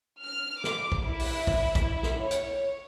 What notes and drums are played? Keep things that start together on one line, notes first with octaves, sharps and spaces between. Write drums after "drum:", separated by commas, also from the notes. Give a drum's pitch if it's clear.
F6
D6, drum: snare
drum: kick
E4
drum: open hi-hat
drum: kick
drum: kick, hi-hat
drum: snare
C#5
drum: hi-hat